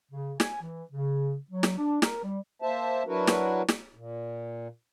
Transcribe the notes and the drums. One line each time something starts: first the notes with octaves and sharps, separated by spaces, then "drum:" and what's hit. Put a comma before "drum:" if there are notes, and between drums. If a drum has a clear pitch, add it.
C#3
G#5, drum: snare
E3
C#3
F#3
drum: snare
D4
A#4, drum: snare
G3
A#3 C5 E5 A5
F#3 D4 E4 F#4 A#4 B4
drum: snare
drum: snare
A#2